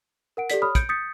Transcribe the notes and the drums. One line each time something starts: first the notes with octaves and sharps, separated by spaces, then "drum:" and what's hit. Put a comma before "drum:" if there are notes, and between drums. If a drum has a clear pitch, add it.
A#4 F#5 D7
G4 A4 D5 B6, drum: hi-hat
C#5 B5 D#6 F6
G6 C#7 D7, drum: kick, hi-hat
D#6 G6 A6 B6 C#7